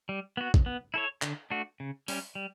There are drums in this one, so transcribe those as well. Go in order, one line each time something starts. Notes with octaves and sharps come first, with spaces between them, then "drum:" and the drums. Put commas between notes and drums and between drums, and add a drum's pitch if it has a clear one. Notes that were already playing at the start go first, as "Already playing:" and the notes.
G3
B3 F#4
drum: kick
B3
E4 A4 C#5
D3, drum: clap
A3 D4 F#4
C#3
G3 C#4, drum: open hi-hat
G3